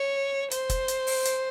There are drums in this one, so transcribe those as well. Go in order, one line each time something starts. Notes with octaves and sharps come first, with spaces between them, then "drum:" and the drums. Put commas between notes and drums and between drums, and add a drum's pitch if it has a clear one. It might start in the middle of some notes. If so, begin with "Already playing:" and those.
Already playing: C#5
C5, drum: hi-hat
drum: kick, hi-hat
drum: hi-hat
drum: open hi-hat
drum: hi-hat